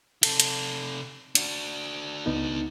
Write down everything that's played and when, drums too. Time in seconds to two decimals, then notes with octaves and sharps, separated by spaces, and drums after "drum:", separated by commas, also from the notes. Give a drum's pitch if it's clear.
0.23 C3 A4, drum: cymbal
0.40 drum: hi-hat
1.35 D4 F#4, drum: hi-hat
2.26 C#2 B3 D#4